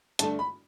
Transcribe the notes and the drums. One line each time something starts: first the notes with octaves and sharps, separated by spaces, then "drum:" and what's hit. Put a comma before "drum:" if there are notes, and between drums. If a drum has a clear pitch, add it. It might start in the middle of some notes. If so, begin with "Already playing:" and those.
G2 D3 A3 D4 A5, drum: hi-hat
B5